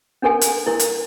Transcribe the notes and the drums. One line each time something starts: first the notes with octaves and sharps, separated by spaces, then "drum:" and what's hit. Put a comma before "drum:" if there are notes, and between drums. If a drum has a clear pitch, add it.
C#4 D4 A4 A#4 G#5
drum: hi-hat
E4 A#4
drum: hi-hat